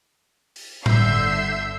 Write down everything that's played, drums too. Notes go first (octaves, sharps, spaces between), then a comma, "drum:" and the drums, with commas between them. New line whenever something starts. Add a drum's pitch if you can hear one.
drum: open hi-hat
G1 D3 E5 E6 G6 C7, drum: tom A2